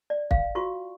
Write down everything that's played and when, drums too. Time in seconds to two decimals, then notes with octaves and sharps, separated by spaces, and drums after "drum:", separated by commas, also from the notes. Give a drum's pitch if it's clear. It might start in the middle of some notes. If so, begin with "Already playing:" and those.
0.10 D5
0.31 F5, drum: kick
0.55 F4 F#4 C#6